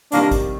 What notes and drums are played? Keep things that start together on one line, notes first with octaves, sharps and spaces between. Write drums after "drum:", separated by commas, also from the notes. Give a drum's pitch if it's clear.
C3 D#3 G3 A#3 D4, drum: hi-hat
drum: kick, hi-hat